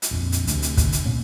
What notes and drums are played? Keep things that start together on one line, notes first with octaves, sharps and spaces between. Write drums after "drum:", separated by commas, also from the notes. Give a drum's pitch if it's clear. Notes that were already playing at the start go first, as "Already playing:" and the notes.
drum: hi-hat
A#1 F2
drum: hi-hat
D2 C3, drum: hi-hat
drum: hi-hat
drum: kick, hi-hat
drum: hi-hat
A#2 C#4